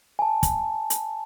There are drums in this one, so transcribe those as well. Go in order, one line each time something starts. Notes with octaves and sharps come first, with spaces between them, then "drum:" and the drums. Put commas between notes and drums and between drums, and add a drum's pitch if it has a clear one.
G#5 A5
drum: kick, hi-hat
drum: hi-hat